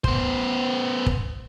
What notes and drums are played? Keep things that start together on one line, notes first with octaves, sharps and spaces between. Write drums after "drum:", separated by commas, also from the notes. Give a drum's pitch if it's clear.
B3 C5, drum: kick
drum: kick